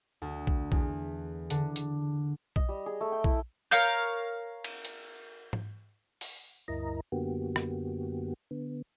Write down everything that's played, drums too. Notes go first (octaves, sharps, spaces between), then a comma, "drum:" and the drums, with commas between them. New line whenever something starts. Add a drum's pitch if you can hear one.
D2
drum: kick A#1
E2, drum: kick A#1
D3, drum: hi-hat
drum: hi-hat
D#5, drum: kick A#1
G3
G#4
A3
G5
E4, drum: kick A#1
A#4 C#5 F5 G6
drum: cymbal
drum: hi-hat
drum: tom G#2
drum: open hi-hat
D2 G2 E4 A#4 D#5 A#5
F#2 D3 A#3 B3 F#4 G4
drum: rim click
D3 B3